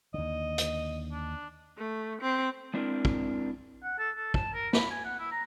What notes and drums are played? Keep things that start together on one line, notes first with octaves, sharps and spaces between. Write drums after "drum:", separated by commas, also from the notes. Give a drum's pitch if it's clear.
D#2 D3 D#5
drum: hi-hat
D4
A3
C4
G#3 C4 D4 E4 A4 A#4
drum: kick
F#5
A4
A4
A5, drum: kick
A#4
B5, drum: snare
G#5
F#5
E4
A#5